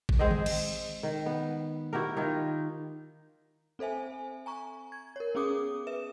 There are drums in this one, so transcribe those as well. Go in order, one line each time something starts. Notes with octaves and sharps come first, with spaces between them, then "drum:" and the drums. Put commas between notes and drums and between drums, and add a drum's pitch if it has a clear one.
drum: kick A1
G#3 C4 C5 D#5
drum: tom D3
drum: cymbal
D#3
B3
E4 F#4 G4 A#4
D#3 D#4 F4
C4 A4 C5 E5 G#5
G#5 A#5 C#6
G#6
A#4 C#5
B3 C#4 G#4 D6 D#6
B4 E5 E7